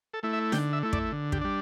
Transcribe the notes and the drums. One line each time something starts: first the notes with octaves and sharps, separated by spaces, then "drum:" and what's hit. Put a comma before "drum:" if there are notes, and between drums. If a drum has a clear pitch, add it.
A4
A3 E4
E5
D3 G5, drum: snare D#4
E5
A3 E4
D5, drum: kick
D3
G4, drum: kick
G3 D4